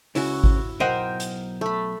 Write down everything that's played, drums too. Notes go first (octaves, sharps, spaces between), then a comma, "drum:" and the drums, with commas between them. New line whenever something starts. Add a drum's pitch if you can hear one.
C#2 C#3 E4 F#4, drum: open hi-hat
drum: kick G#1
B1 A#4 C5 D#5 F#5 G5
drum: hi-hat
A3 B5